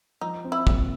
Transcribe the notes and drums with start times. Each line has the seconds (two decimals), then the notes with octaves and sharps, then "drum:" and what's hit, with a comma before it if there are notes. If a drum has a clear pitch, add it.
0.21 F3 D#4
0.44 C4
0.52 E4
0.67 A#2, drum: kick